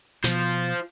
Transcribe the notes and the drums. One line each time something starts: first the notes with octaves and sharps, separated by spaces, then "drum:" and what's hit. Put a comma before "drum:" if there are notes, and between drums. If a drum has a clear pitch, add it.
B2 F3 F4 C5, drum: snare